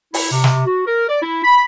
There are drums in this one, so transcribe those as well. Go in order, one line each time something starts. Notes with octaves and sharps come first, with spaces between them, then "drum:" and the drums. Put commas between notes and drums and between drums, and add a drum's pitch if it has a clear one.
E4, drum: open hi-hat
C3
drum: snare
F#4
A#4
D5
E4
B5